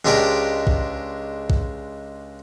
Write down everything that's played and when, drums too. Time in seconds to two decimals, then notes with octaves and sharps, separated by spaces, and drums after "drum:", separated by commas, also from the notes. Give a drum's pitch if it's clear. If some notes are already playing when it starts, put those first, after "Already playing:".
0.05 C#2 G#3 D4 G4 A#4 D5
0.67 drum: kick A#1
1.50 drum: kick A#1